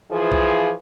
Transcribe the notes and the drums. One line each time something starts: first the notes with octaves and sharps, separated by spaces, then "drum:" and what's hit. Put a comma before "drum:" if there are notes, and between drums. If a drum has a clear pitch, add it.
E3 F3 G#4
drum: kick B1